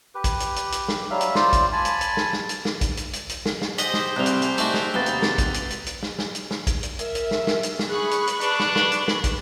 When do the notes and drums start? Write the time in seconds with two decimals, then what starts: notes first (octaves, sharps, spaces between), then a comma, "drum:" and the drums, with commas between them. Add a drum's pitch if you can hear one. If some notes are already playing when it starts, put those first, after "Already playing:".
0.15 G4 B4
0.24 drum: kick, hi-hat
0.40 drum: hi-hat
0.56 drum: hi-hat
0.72 drum: hi-hat
0.88 drum: snare
1.10 F#3 G3 E5 F5
1.21 drum: hi-hat
1.35 F4 C5 D5, drum: snare
1.53 drum: kick, hi-hat
1.72 G#5 A5 B5
1.85 drum: hi-hat
2.01 drum: hi-hat
2.17 drum: snare
2.33 drum: snare
2.49 drum: hi-hat
2.65 drum: snare
2.81 drum: kick, hi-hat
2.97 drum: hi-hat
3.13 drum: hi-hat
3.29 drum: hi-hat
3.45 drum: snare
3.62 drum: snare
3.78 G4 G#4 C5 D#5 F#5 B6 G7, drum: hi-hat
3.94 drum: snare
4.16 C2 G3 A3 C4 F#6 F7
4.26 drum: hi-hat
4.42 drum: hi-hat
4.58 A3 D#4 F#4 D5, drum: hi-hat
4.74 drum: snare
4.94 D#2 C3 B3 F#4 A6 G7
5.06 drum: hi-hat
5.22 drum: snare
5.38 drum: kick, hi-hat
5.54 drum: hi-hat
5.70 drum: hi-hat
5.86 drum: hi-hat
6.03 drum: snare
6.19 drum: snare
6.35 drum: hi-hat
6.51 drum: snare
6.67 drum: kick, hi-hat
6.83 drum: hi-hat
6.99 A#4 E5, drum: hi-hat
7.15 drum: hi-hat
7.31 drum: snare
7.47 drum: snare
7.63 drum: hi-hat
7.79 drum: snare
7.89 G#4 B5 C#6 F#6
8.11 drum: hi-hat
8.27 drum: hi-hat
8.41 D4 B4, drum: hi-hat
8.60 drum: snare
8.76 drum: snare
8.92 drum: hi-hat
9.08 drum: snare
9.24 drum: kick, hi-hat